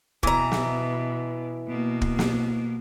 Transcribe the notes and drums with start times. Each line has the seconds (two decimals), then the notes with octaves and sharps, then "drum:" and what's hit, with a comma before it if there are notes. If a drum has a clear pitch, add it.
0.23 B2 E3 A#5, drum: kick
0.52 drum: snare
1.68 B2 A#3
2.01 drum: kick
2.19 drum: snare